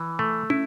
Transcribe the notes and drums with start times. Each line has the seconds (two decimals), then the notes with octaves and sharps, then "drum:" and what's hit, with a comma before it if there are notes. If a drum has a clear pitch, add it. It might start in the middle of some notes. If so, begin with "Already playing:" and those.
Already playing: E3
0.19 A3
0.50 E4, drum: tom